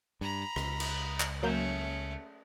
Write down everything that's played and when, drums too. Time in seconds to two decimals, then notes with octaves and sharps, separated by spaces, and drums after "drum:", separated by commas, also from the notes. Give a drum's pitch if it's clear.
0.21 G2 A#5 B5
0.56 C#2, drum: rim click
0.80 drum: cymbal
1.20 drum: clap
1.43 F#3 A3 A#3 C#4 G6